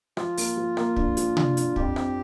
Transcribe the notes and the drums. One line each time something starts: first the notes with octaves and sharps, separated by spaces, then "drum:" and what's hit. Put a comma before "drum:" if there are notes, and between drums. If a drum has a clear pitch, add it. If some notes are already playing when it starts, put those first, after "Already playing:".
F3 F4, drum: rim click
A#3, drum: open hi-hat
F3
A#3, drum: rim click
D4, drum: kick
F3, drum: hi-hat
D4, drum: tom C3
D4, drum: hi-hat
F2 G4, drum: kick
C4, drum: rim click